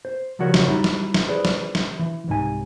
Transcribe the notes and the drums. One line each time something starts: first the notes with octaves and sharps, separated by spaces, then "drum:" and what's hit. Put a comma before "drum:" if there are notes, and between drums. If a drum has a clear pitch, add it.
C5
C#3 F3 G3 F#4 A#4 C#5
drum: snare
G3 D#4 E4 F#4
drum: snare
drum: snare
E4 G#4 B4 C5 D5
drum: snare
drum: snare
E3
C2 G#2 D#4 G#5